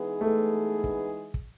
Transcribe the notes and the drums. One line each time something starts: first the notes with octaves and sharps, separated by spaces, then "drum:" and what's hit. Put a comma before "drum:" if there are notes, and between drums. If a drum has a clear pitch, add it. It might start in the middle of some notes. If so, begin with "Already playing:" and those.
Already playing: E3 G#3 B3 D#4 G#4
A3
drum: kick
drum: kick